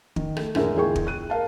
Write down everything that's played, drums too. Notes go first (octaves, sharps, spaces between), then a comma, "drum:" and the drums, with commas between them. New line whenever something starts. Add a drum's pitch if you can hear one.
D#3, drum: kick
A3, drum: rim click
A1 F2 D3 G#3 A#4 E5, drum: rim click
E2 G#3 F4 G#4 G5 C#6
drum: kick
F#6 D#7
A#4 F5 A5